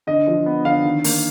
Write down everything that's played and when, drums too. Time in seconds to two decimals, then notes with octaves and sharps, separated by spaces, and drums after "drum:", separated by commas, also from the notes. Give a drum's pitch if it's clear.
0.07 D3 D#5
0.27 F3
0.46 B3
0.65 D3 F5
0.85 D#3
1.04 A#3, drum: open hi-hat